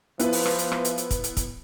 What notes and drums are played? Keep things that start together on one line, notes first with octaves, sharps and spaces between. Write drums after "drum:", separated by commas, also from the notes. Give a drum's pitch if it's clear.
F3 B3 E4 B4, drum: hi-hat
drum: open hi-hat
drum: rim click
drum: hi-hat
drum: rim click
drum: hi-hat
drum: hi-hat
drum: kick, hi-hat
drum: hi-hat
drum: kick, hi-hat